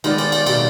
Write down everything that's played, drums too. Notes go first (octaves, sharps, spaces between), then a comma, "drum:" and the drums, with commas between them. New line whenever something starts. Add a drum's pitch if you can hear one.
D#3 G#3 B3 F4 D5, drum: cymbal
drum: cymbal
drum: cymbal
B2 G3 C4, drum: cymbal